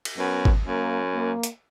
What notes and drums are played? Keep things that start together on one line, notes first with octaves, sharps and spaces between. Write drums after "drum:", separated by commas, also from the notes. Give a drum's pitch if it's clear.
drum: cymbal
F#2 B3
drum: kick G#1
F#2 A#3
A#3
drum: hi-hat